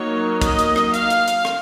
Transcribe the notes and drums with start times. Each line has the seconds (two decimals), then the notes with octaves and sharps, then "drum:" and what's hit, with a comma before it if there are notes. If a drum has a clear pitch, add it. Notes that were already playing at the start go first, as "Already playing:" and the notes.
Already playing: F#3 A#3 D#4 C#5
0.42 D#5, drum: kick, hi-hat
0.59 drum: hi-hat
0.76 drum: rim click
0.94 F5, drum: hi-hat
1.10 drum: hi-hat
1.28 drum: hi-hat
1.45 drum: rim click